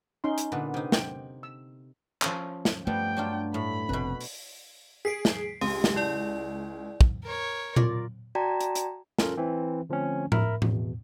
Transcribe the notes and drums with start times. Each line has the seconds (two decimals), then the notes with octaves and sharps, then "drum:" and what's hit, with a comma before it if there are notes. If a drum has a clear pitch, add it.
0.24 C#4 D#4 C6
0.38 drum: hi-hat
0.52 A#2 D3 B3
0.74 C3 D#4
0.92 G5, drum: snare
1.43 E6
2.22 F3 C#4, drum: clap
2.65 drum: snare
2.87 G2 F3 G3 A3 B3 G5
3.17 F#3 D4 F4
3.54 A2 B5
3.89 F1 B2 C4 B4
4.21 drum: open hi-hat
5.05 G#4 B6 C7 D7
5.25 drum: snare
5.61 C#2 G4, drum: open hi-hat
5.84 drum: snare
5.96 E4 D5
7.01 drum: kick
7.24 A#4 C#5
7.76 F4 A#4 D5, drum: tom A#2
8.35 F#4 D5 G5 A5 A#5
8.61 drum: hi-hat
8.75 drum: hi-hat
9.19 C#4 F4 A4 A#4, drum: snare
9.37 E3 C4
9.89 D3 F3 A3 C4 C#4
10.32 A#4 E5 B5, drum: tom A2
10.62 E2 B2, drum: tom A2